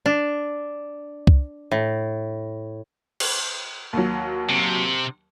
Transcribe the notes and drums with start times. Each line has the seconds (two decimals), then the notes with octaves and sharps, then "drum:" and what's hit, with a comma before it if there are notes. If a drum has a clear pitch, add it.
0.06 D4
1.27 drum: kick C2
1.71 A2
3.20 drum: cymbal
3.93 D#2 F#3
4.49 C3